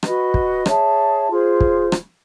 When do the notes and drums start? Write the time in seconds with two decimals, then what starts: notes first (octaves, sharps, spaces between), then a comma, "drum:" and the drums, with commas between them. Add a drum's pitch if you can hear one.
0.03 F#4 B4 D#5, drum: rim click
0.34 drum: kick
0.66 G#4 C#5 E5 A5, drum: rim click
1.29 F4 G#4 C5
1.60 drum: kick
1.92 drum: rim click